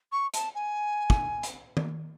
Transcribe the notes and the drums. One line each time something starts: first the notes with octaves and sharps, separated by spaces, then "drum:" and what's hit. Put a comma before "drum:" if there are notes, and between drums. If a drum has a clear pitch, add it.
C#6
A5, drum: hi-hat
G#5
drum: kick
drum: hi-hat
drum: tom D#3